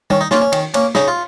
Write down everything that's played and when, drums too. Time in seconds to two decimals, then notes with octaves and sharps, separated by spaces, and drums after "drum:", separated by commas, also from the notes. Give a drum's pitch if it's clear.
0.10 D#3 C#4, drum: tom
0.21 D#4
0.31 A#3 C#4 F4, drum: snare
0.42 C#4
0.52 D#3, drum: cymbal
0.74 A#3 C#4, drum: cymbal
0.95 C#3 D#4, drum: snare
1.08 F4